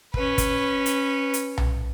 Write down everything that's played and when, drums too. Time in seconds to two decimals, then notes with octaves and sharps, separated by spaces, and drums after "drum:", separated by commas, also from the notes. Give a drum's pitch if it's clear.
0.14 C#4 B4, drum: kick
0.38 drum: kick, hi-hat
0.86 drum: hi-hat
1.34 drum: hi-hat
1.58 drum: tom B1